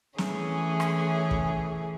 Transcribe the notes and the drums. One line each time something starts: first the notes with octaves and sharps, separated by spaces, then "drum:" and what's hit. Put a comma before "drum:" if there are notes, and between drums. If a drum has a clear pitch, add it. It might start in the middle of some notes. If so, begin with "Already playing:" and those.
E3 A3 C#4 G#4, drum: snare
drum: rim click
drum: kick